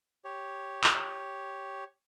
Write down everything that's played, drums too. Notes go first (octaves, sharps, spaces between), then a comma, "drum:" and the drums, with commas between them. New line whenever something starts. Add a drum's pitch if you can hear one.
G4 C#5
drum: clap